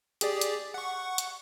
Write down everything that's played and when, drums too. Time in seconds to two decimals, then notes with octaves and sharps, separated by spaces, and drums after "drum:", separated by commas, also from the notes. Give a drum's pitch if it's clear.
0.21 G4 G#4 D5, drum: hi-hat
0.41 drum: hi-hat
0.74 F#5 C#6
1.18 drum: hi-hat